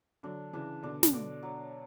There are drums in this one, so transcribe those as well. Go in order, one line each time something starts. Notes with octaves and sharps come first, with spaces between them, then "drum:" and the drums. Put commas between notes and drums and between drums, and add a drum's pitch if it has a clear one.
D3 F#3 D4
C#3 E3 D4
B2 D3 D4
drum: snare
B2 D3 D5
F#3